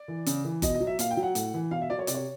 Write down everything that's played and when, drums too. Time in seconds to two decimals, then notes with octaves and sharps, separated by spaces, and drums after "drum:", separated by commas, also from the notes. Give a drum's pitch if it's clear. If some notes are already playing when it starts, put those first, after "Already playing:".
Already playing: D5
0.08 E3
0.26 C#3, drum: hi-hat
0.45 E3
0.62 B2 D#5, drum: kick F#1, hi-hat
0.75 D#5
0.80 F#3
0.87 E5
0.99 A#2 F5, drum: hi-hat
1.11 G5
1.17 F#3
1.23 F#5
1.35 A2, drum: hi-hat
1.54 E3
1.71 B2 F5
1.81 E5
1.90 F#3 D5
1.99 C#5
2.07 C3 D5, drum: hi-hat
2.14 C#5